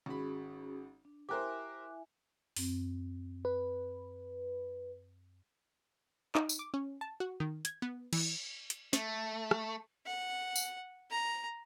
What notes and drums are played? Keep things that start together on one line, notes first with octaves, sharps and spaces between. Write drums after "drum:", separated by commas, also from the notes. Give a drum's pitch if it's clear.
G#1 C#4 F#4 G#4 B5
D4
E4 G4 A#4 C5 E5 G#5 D6 F#6
F#2 C4, drum: open hi-hat
B4
D#4, drum: clap
drum: tambourine
D6
C#4
A5
F#4
D#3
G#6, drum: hi-hat
B3
E3, drum: cymbal
drum: hi-hat
A3, drum: snare
drum: rim click
F#5
drum: tambourine
A#5